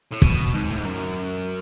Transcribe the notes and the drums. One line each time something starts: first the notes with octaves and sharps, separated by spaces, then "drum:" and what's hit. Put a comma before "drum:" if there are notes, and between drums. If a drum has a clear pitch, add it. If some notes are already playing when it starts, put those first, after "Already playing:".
A2
B2, drum: kick
G#2
A2
G#2
F#2